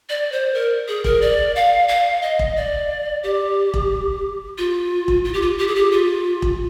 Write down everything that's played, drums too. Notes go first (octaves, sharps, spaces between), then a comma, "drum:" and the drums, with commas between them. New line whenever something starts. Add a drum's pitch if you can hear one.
D5
C5
A#4
G#4
A#4, drum: kick E1
D5
F5
F5
D#5
drum: kick E1
D5
G4
drum: kick E1
F4
drum: kick E1
F4
G4
F4
G4
G#4
G4
F4
drum: kick E1